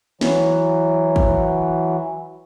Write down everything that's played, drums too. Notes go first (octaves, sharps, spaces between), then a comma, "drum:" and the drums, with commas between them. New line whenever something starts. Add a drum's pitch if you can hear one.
E3 F#3, drum: snare
drum: kick